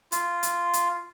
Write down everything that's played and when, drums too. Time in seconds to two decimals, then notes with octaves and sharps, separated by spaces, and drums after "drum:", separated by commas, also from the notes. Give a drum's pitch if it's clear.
0.12 F4, drum: hi-hat
0.43 drum: hi-hat
0.73 drum: hi-hat